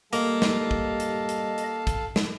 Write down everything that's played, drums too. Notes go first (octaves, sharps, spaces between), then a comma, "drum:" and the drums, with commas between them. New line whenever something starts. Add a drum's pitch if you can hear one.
G3 A#3 A4 D#5 F5 A5, drum: hi-hat
drum: snare
drum: kick
drum: hi-hat
drum: hi-hat
drum: hi-hat
drum: kick, hi-hat
drum: snare